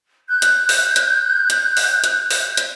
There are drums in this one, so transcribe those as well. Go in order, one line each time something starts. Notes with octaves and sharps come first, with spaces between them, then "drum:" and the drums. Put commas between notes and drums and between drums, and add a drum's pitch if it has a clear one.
F#6 G6
drum: hi-hat
drum: open hi-hat
drum: hi-hat
drum: hi-hat
drum: open hi-hat
drum: hi-hat
drum: open hi-hat
drum: hi-hat